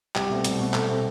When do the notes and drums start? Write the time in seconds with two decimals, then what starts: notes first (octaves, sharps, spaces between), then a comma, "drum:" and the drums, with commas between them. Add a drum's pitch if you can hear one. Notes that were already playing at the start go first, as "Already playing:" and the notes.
0.15 C2 G4, drum: clap
0.30 B2 A3 C4
0.44 C2, drum: hi-hat
0.60 B2 A3 C4
0.74 C2 A4, drum: clap
0.89 B2 A3 C4